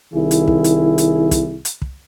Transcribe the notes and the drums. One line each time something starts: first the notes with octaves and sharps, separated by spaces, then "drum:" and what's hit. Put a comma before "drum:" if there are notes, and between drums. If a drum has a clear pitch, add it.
C2 D#3 E4 G#4
drum: hi-hat
drum: kick
drum: hi-hat
drum: hi-hat
drum: kick, hi-hat
drum: hi-hat
drum: kick